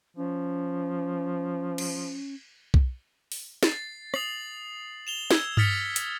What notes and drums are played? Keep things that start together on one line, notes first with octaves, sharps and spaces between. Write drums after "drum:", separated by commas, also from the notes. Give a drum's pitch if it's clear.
F3 C#4
drum: cymbal
drum: kick B1
drum: open hi-hat
A6 C7, drum: snare
D#6 C7 F#7, drum: rim click
E7 F7 G7
E6 G#6 G7, drum: snare
D#6 F6 A6 B6 C#7, drum: tom G2
drum: hi-hat